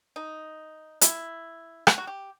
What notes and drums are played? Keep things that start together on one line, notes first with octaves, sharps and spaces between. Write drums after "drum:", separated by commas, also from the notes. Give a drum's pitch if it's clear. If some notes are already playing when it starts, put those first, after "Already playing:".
D#4
E4, drum: hi-hat
F#4, drum: rim click
F#4
G4